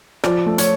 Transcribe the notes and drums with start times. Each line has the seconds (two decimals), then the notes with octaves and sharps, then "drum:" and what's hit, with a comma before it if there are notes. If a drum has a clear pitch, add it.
0.24 F3 D5, drum: rim click
0.46 A3
0.58 C#5, drum: hi-hat